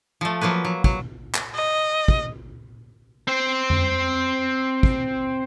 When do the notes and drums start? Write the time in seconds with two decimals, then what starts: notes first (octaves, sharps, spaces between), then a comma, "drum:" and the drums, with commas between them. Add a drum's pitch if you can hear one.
0.21 F3 A3
0.41 F3 F#3 A#3 B4
0.65 F#3
0.84 F#3, drum: kick
1.35 drum: clap
1.54 D#5
2.08 drum: kick
3.27 C4 C5
3.70 drum: tom F2
4.83 drum: kick